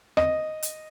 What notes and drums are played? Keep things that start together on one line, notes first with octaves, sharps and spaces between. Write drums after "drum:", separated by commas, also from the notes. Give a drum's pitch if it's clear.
D#5, drum: rim click
drum: hi-hat